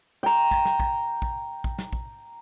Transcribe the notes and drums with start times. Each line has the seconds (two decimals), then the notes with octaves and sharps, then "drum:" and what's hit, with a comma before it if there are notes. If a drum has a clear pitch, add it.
0.23 G5 A#5
0.51 drum: kick
0.65 drum: snare
0.80 drum: kick
1.22 drum: kick
1.64 drum: kick
1.78 drum: snare
1.93 drum: kick